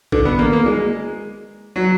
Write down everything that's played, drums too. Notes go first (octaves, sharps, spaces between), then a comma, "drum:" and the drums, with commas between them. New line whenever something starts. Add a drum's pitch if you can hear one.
D3, drum: kick A#1
B3
A#3, drum: tom D3
A#3
G#3
F#3